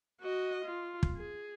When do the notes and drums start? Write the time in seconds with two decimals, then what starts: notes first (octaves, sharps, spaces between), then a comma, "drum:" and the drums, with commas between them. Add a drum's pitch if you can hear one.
0.20 F#4 D#5
0.65 F4
1.03 drum: kick
1.16 G#4